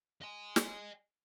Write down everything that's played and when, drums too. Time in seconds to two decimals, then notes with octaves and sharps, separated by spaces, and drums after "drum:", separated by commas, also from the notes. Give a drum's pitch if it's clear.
0.22 D#5 G#5
0.56 drum: snare